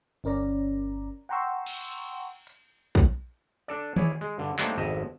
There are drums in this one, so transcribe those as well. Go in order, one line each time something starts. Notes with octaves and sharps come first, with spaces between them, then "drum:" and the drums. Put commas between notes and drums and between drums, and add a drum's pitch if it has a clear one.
G1 C#4 A#4 D5 A#5
F#5 G5 A#5 C6 C#6 E6
drum: cymbal
drum: hi-hat
drum: kick
D4 A4 D5
E4 G#4 C#5 D5, drum: tom D#3
G#3
G2 D3
G3 A3 A#3 C4 D4 D#4, drum: clap
G#1 F2 D#5 E5 A5